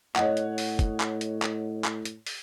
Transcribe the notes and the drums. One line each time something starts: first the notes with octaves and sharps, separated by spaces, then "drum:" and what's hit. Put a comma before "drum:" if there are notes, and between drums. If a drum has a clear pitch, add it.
A2 C#5 D#5 F#5, drum: clap
drum: hi-hat
drum: open hi-hat
drum: kick, hi-hat
drum: clap
drum: hi-hat
drum: clap
drum: clap
drum: hi-hat
drum: open hi-hat